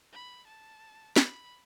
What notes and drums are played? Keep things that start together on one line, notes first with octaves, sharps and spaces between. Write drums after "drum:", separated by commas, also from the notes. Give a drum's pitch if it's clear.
B5
A5
B5, drum: snare